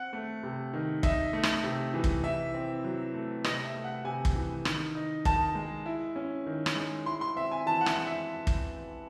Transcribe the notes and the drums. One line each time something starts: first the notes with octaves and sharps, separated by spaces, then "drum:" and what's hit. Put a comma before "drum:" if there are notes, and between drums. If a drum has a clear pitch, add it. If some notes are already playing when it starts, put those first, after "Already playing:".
Already playing: C4 F#5
A3
C3
D#3
D#4 E5, drum: kick
A3
drum: rim click
C3
E3
drum: kick
E4 E5
C4
F#3
A3
C3 D#5, drum: rim click
E5
A3
F#5
C3 G#5
drum: kick
E3
D#3, drum: rim click
D#4
D#3 A5, drum: kick
G#3
E4
C#4
D#3
drum: rim click
G#3
E4 C6
C6
C4 E5
G#5
E3 A5
F#5
E5, drum: rim click
G#3
E5
drum: kick